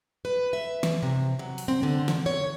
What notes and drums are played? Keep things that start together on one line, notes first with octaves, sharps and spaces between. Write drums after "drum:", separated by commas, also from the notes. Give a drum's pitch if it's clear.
B4
E5
drum: snare
C3
F#3
drum: open hi-hat
C4
D3
drum: snare
C#5